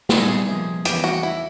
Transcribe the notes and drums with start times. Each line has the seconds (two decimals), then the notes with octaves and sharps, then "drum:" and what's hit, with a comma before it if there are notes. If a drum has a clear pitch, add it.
0.09 A#2 G3 B3 D#4 G#4 A4, drum: snare
0.28 G#4
0.48 C3 F3 A#3
0.85 E2 C#3 E3 G3 A#3 G4, drum: hi-hat
1.04 F#4
1.23 E4